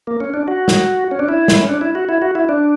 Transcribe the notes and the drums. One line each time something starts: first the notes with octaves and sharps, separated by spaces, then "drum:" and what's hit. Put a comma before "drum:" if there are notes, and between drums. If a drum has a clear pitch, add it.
A#3
C#4
D4
F#4
drum: snare
C#4
D4
E4
drum: snare
C#4
D4
E4
F#4
E4
F#4
E4
D4